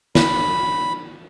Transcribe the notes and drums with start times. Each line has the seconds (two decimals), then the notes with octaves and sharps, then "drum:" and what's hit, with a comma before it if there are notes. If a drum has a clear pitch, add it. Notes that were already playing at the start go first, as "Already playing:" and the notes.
0.15 B5, drum: snare